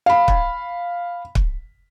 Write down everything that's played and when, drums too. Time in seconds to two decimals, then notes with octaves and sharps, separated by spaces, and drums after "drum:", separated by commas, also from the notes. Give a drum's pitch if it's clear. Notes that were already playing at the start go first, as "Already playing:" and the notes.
0.06 F5 B5
0.28 drum: kick
1.35 drum: kick